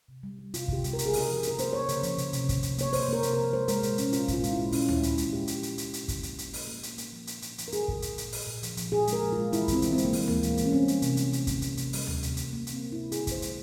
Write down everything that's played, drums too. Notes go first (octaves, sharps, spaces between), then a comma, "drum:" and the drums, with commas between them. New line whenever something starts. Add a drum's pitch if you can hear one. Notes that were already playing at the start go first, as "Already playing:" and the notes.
C3
G3
G3
C3 F4, drum: hi-hat
C3 G4, drum: kick
G3, drum: hi-hat
A#4
A#3, drum: hi-hat
G#4
C#3, drum: open hi-hat
A#4
F3
C#3, drum: hi-hat
A#4
A#3 C5, drum: hi-hat
A#3 C#5
C#3, drum: hi-hat
F3, drum: hi-hat
C#3, drum: hi-hat
C3, drum: hi-hat
C3, drum: kick, hi-hat
C3, drum: hi-hat
A#3 C#5, drum: hi-hat
A#3 C5, drum: open hi-hat
A#3 A#4
C3, drum: hi-hat
F3 A#4
G#3 C5
G#3 A#4, drum: hi-hat
A#2, drum: hi-hat
G#3 C#4, drum: hi-hat
A#2 F4, drum: hi-hat
A#2, drum: kick, hi-hat
F4
G#3, drum: hi-hat
A#2 E4
A#2 C#4, drum: open hi-hat
A#2 E4, drum: tom D2
F3, drum: hi-hat
G#3, drum: hi-hat
A#2 G4
A#2, drum: hi-hat
A#2, drum: hi-hat
A#2, drum: hi-hat
A#2, drum: hi-hat
F3, drum: kick, hi-hat
A#3, drum: hi-hat
A#2, drum: hi-hat
A#2, drum: open hi-hat
A#3
A#2, drum: hi-hat
A#3, drum: hi-hat
F3
A#3, drum: hi-hat
A#2, drum: hi-hat
F3, drum: hi-hat
A#4
F3 G#4, drum: hi-hat
A#2, drum: kick
A#2, drum: hi-hat
A#2, drum: hi-hat
A#2, drum: open hi-hat
A#2
F3, drum: hi-hat
F3, drum: hi-hat
A#2 G#4
G#3, drum: hi-hat
A#4
F3
G#3 F4
E3 E4, drum: hi-hat
E3 C4, drum: kick, hi-hat
E3, drum: hi-hat
C4
G#3, drum: hi-hat
A#3
E3, drum: open hi-hat
E3 A#3, drum: tom D2
G#3, drum: hi-hat
E3, drum: hi-hat
C#4
G3 C4
G3, drum: hi-hat
C3, drum: hi-hat
G3, drum: hi-hat
C3, drum: hi-hat
A#3, drum: kick, hi-hat
A#3, drum: hi-hat
C3, drum: hi-hat
G3, drum: open hi-hat
A#3, drum: tom D2
C3, drum: hi-hat
G3, drum: hi-hat
C3 A#3
C3, drum: hi-hat
C4
G3
C3 E4
C#3 G#4, drum: hi-hat
F3 C5, drum: kick, hi-hat
G#3, drum: hi-hat